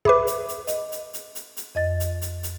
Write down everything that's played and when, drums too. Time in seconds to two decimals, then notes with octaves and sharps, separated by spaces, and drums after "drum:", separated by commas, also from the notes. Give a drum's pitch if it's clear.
0.05 G#4 B4 E5 B5 D6, drum: kick
0.27 drum: hi-hat
0.49 drum: hi-hat
0.67 D#5, drum: hi-hat
0.92 drum: hi-hat
1.13 drum: hi-hat
1.35 drum: hi-hat
1.57 drum: hi-hat
1.75 F2 D#5 A6
2.00 drum: hi-hat
2.22 drum: hi-hat
2.43 drum: hi-hat